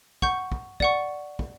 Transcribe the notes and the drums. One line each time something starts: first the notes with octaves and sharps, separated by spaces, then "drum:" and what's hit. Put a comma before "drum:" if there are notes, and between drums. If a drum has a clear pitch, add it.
F#5 C#6 G6, drum: kick
drum: kick
D5 F#5 C#6, drum: kick
drum: kick